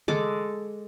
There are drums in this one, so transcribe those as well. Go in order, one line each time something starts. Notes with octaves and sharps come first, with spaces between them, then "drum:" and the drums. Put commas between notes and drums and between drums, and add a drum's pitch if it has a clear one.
G#3 A4 D6, drum: tom D3